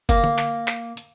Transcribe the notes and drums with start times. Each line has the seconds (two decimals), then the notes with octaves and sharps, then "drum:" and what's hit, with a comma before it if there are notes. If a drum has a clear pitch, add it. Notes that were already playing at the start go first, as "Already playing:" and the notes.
0.09 A#3, drum: kick F#1, hi-hat
0.24 drum: tom D3
0.38 drum: clap
0.68 drum: clap
0.97 drum: hi-hat